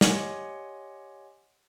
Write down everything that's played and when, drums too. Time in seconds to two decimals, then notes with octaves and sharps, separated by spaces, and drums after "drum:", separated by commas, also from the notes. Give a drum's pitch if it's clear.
0.01 G4 C#5 D#5 F#5 G#5 C6, drum: snare